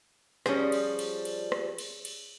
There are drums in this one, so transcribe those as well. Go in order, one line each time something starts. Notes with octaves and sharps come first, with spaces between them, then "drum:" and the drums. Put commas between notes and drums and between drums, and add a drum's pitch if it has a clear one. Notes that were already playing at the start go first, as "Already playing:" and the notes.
F3 G3 C#4 G#4 D#5, drum: rim click
drum: cymbal
drum: cymbal
drum: cymbal
drum: rim click
drum: cymbal
drum: cymbal